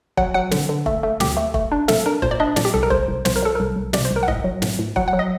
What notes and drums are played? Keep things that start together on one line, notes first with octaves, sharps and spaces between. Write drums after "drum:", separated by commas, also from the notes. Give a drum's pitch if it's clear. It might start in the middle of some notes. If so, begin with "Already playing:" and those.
F#3 F#5, drum: kick
F#3 F#5
D3, drum: snare
D3
A3, drum: kick
A3
D2 G4, drum: snare
A3
A3, drum: kick
D4
A3 A4, drum: snare
D4 A#4
A#2 C5, drum: kick
D5
D4 D#5
A#2 D5, drum: snare
G4
C2 A4
A#4
C2 C5, drum: kick
C2
C2 C5, drum: snare
A#4
F#3 A4
C2 A#4
C2
C3 D5, drum: snare
C5
C2
A#4
F#5
A2 D#5, drum: kick
F#3
A2, drum: snare
A2
F#3 F#5, drum: kick
F#5
F#3
D#5